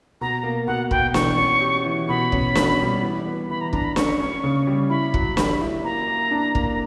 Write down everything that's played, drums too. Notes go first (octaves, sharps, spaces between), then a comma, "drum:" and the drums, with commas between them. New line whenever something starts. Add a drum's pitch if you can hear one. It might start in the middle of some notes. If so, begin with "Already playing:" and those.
B2 A#5
A#3
B2 F#5
B2 G5, drum: kick
E3 C#6, drum: snare
C#4
G4
E3
B2 B5
C#4, drum: kick
B2, drum: snare
G3
E3
B3
E3 B5
A#5
D4 A#5, drum: kick
B5
C#4 C#6, drum: snare
C#4
C#3
G3
E4 B5
F#3, drum: kick
G4, drum: snare
E4
A#3 A#5
A#3
D4
A#3, drum: kick